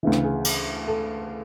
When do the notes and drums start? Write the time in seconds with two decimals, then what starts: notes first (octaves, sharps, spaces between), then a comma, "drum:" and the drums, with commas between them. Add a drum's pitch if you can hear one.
0.03 D2 C#3 E3
0.12 drum: rim click
0.24 G#4
0.45 drum: cymbal
0.88 A4